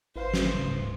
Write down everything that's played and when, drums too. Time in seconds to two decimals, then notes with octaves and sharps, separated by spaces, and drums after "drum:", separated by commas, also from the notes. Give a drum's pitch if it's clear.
0.16 G#1 E4 B4 C5 F5
0.34 drum: snare
0.54 D1 G#2 C#3